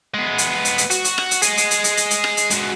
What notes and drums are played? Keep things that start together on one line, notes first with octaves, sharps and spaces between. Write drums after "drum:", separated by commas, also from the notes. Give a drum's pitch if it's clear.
G#3 B3
drum: hi-hat
drum: hi-hat
drum: hi-hat
F#4, drum: hi-hat
drum: hi-hat
drum: rim click
drum: hi-hat
G#4 D#5, drum: hi-hat
drum: hi-hat
drum: hi-hat
drum: hi-hat
drum: hi-hat
drum: hi-hat
drum: rim click
drum: hi-hat
G#3 F#4, drum: hi-hat